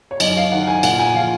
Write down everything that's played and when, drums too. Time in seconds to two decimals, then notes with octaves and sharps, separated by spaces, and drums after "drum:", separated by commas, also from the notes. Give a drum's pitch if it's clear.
0.11 C#5
0.20 F#2 D#5, drum: cymbal
0.37 F5
0.52 D#3 F#5
0.67 G#5
0.83 A#2 F#5, drum: cymbal
0.99 G#5
1.14 F3 F5